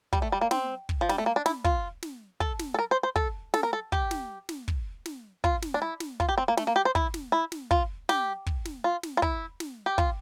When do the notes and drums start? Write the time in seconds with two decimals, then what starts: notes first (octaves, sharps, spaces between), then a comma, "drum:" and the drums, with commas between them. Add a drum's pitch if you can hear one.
0.13 G3, drum: kick
0.22 A3
0.32 G3
0.41 A#3
0.51 C4, drum: snare
0.89 drum: kick
1.01 F3
1.09 G3, drum: snare
1.18 A3
1.26 A#3
1.36 D4
1.46 E4, drum: snare
1.64 F4, drum: kick
2.03 drum: snare
2.40 A4, drum: kick
2.59 drum: snare
2.74 A4
2.79 A#4
2.91 C5
3.03 C5
3.16 A4, drum: kick
3.54 A4, drum: snare
3.63 A#4
3.73 A4
3.92 G4, drum: kick
4.11 drum: snare
4.49 drum: snare
4.68 drum: kick
5.06 drum: snare
5.44 F4, drum: kick
5.62 drum: snare
5.74 D4
5.82 E4
6.00 drum: snare
6.20 F4, drum: kick
6.29 G4
6.38 C4
6.48 A#3
6.57 A3, drum: snare
6.67 A#3
6.76 G4
6.85 C5
6.95 E4, drum: kick
7.14 drum: snare
7.32 E4
7.52 drum: snare
7.71 F4, drum: kick
8.09 G4, drum: snare
8.46 drum: kick
8.65 drum: snare
8.84 F4
9.03 drum: snare
9.17 F4
9.22 E4, drum: kick
9.60 drum: snare
9.86 G4
9.98 F4, drum: kick